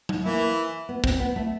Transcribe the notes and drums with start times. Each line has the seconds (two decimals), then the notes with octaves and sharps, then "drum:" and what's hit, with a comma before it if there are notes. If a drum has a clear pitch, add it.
0.09 drum: tom F#3
0.24 E3 A#3 E4
0.89 B3
1.04 C4, drum: kick
1.20 B3
1.36 A3